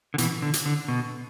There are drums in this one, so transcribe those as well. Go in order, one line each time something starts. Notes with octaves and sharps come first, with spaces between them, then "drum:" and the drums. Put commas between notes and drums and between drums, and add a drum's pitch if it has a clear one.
D3
B2 E3, drum: hi-hat
D3
drum: hi-hat
D3
B2